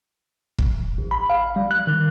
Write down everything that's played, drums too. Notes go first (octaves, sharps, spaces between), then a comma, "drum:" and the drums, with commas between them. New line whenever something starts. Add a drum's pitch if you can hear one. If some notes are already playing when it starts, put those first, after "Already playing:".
drum: kick
A1
B5
F5
G3
F#6
D#3